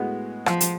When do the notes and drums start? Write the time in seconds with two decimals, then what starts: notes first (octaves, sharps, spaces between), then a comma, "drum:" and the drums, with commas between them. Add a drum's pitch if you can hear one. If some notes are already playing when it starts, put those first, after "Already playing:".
Already playing: A2 G#3 B3 F#4
0.46 F3, drum: rim click
0.61 drum: hi-hat